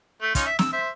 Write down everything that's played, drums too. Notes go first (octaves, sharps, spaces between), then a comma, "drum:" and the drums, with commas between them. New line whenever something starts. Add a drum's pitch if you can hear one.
A3
C#4 D#4 F4, drum: kick, hi-hat
E5
E6, drum: snare
C5 E5